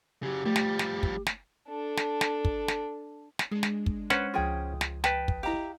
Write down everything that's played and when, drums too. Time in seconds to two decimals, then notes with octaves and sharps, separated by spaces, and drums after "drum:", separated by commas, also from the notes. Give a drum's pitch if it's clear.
0.23 C#3 F#3 G4
0.46 F3 G3 A3
0.56 drum: snare
0.79 drum: snare
1.03 drum: kick
1.26 drum: snare
1.69 D4 A4
1.97 drum: snare
2.21 drum: snare
2.45 drum: kick
2.68 drum: snare
3.39 drum: snare
3.51 G#3 D4 G#4
3.63 drum: snare
3.86 drum: kick
4.10 C#4 B4 C5 F#5, drum: snare
4.34 C#2 F3 F4 G#4 G5 D#6
4.81 drum: snare
5.04 B4 G5 A5, drum: snare
5.28 drum: kick
5.43 E4 G4 D#5 F5 A#5